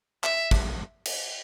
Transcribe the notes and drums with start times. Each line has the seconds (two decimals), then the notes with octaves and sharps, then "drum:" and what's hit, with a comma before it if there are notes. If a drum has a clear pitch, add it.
0.24 E5, drum: clap
0.51 drum: kick
1.05 drum: cymbal